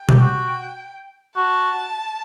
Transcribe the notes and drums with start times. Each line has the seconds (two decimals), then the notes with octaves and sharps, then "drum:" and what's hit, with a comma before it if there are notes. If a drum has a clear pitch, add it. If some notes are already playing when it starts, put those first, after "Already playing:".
Already playing: G5
0.09 G4, drum: tom B2
0.20 F#4
1.36 F#4 A5